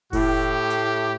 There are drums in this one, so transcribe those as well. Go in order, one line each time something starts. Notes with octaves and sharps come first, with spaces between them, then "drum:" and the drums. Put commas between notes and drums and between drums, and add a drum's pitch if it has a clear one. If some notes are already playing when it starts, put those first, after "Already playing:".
A2 G4, drum: kick F1, open hi-hat
drum: hi-hat